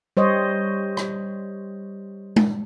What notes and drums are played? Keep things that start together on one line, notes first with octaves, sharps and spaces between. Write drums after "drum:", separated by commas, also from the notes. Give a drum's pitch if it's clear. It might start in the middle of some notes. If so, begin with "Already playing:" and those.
G3 C5 C#5 D#5
drum: rim click
drum: tom G#3